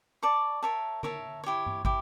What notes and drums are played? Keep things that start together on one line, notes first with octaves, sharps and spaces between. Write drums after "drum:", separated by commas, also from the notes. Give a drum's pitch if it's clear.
D5 A5 C#6
A#4 C#5 E5 A5
A#4 C#5 E5 A5, drum: tom D3
E4 G4 C#5
drum: tom G2
E4 G4, drum: kick